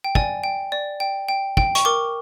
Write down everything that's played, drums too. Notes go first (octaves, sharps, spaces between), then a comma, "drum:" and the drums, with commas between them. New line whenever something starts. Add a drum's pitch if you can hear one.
G5
D5 G#5, drum: kick
G5
D5
G5
G5
G5, drum: kick
C#6, drum: hi-hat
A#4 D6